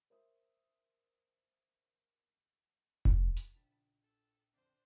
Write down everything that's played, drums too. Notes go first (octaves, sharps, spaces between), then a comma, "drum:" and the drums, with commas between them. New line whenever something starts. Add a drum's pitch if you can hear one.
A#4 C5 C#5 E5 D#6
G1 C#3 D#4 A4 A5 B5, drum: kick F1
drum: hi-hat
A#1
A4
F2 D3 C4 D4 C5